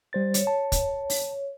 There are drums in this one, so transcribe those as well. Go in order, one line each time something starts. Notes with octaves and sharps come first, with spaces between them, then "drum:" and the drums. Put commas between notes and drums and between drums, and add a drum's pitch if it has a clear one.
G3 C5 A6
C#5, drum: hi-hat
A5
drum: kick, hi-hat
drum: open hi-hat